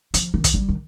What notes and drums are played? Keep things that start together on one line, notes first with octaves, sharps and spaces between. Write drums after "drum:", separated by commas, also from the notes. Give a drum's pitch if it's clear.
F3, drum: hi-hat
D#3
drum: kick, hi-hat
G3
D#3